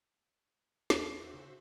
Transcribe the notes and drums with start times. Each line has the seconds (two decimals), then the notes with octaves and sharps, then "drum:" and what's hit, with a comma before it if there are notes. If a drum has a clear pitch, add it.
0.90 E2 F4 A#4 B5, drum: snare
1.20 F#4 C5 E5
1.34 C#3